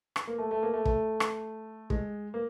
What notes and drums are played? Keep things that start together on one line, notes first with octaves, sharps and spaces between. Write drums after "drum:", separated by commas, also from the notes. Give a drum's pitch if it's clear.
drum: rim click
A#3
A3
A3
A#3
A3
A3, drum: kick
drum: rim click
G#3, drum: kick
A#3